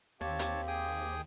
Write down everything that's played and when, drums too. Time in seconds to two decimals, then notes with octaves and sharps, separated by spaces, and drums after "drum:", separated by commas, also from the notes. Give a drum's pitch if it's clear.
0.21 D#2 C4 G4 C#5 F5 A5
0.39 drum: hi-hat
0.68 G#4 G5 D#6